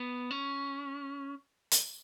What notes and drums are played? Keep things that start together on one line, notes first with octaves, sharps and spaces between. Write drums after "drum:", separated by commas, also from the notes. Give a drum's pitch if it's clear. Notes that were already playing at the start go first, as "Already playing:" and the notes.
Already playing: B3
C#4
drum: hi-hat